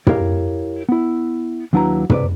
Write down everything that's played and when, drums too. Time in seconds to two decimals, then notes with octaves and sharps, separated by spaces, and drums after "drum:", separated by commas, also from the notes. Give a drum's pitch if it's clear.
0.07 E4 G4 A#4 C#5 F5, drum: tom
0.89 B3 E4
1.73 D#2 F#3 D4 E4 B4 A#5
2.10 C3 B4 D5, drum: tom